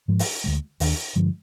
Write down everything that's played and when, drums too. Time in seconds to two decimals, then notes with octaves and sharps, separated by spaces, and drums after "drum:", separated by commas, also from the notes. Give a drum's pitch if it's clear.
0.08 G#2 F3 G#3
0.19 drum: open hi-hat
0.44 D2 D3 G#3
0.80 D#2 D#3 A#3 D4, drum: open hi-hat
1.15 G2 D3 F3 G#3